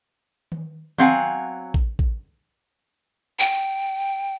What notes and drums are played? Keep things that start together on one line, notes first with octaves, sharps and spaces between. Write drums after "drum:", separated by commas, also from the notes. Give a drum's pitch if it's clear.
drum: tom D#3
F#3 C4 F5 F#5 G#5, drum: tom D#3
drum: kick A1
drum: kick A1
G5